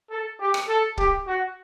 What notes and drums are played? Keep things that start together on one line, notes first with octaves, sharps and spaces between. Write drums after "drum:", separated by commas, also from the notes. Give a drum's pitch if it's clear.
A4
G4
drum: rim click
A4
G4, drum: kick
F#4